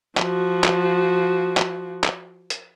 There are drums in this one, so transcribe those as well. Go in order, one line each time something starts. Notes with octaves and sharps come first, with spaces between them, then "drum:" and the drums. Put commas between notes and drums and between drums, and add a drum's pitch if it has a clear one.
F3 F#4, drum: clap
drum: clap
drum: clap
drum: clap
drum: hi-hat